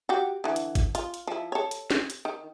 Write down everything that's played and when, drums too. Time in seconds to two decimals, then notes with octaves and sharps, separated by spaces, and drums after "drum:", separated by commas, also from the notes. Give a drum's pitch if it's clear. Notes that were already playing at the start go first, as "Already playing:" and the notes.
0.09 F#4 G4
0.44 D3 E3
0.56 drum: hi-hat
0.75 drum: kick G#1, hi-hat
0.95 F4, drum: hi-hat
1.14 drum: hi-hat
1.27 F3 E4
1.52 A4 C#5
1.71 drum: hi-hat
1.91 drum: snare
2.10 drum: hi-hat
2.25 D#3